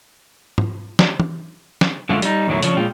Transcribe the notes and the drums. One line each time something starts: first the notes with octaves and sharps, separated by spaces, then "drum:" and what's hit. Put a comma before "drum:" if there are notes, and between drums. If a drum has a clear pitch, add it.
drum: tom
drum: snare
drum: tom E3
drum: snare
F#2 D3 G#3 A3 D4 F4
G3 D#4, drum: hi-hat
E2 A2 D3 D#3 F#3 E4
C#3 F3 C#4 D4, drum: hi-hat
A#2 G#3 F4 G5